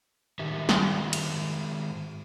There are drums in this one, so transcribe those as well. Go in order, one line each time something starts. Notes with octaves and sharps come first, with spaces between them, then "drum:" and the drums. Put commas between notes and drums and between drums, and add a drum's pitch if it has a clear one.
G#2 D#3 G4 E5
drum: snare
drum: cymbal